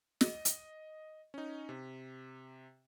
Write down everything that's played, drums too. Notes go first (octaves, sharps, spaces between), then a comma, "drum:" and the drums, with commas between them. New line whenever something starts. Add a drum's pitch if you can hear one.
D#5, drum: snare
drum: hi-hat
C#4 D#4
C3